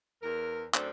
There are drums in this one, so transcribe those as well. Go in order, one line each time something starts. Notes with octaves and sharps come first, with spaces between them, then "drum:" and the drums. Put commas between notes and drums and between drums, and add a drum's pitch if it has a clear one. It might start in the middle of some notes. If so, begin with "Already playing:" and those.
E2 A#4
F#2 A3 C4 D4, drum: clap